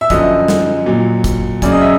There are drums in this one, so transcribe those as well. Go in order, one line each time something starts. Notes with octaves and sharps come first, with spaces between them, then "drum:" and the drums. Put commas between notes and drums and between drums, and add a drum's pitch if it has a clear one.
E5
F#2 D3 F3 D#5, drum: kick, hi-hat
drum: snare
A#2 F#3
drum: kick, hi-hat
F#2 C#3 F#3 D5, drum: kick, hi-hat
D#5
E5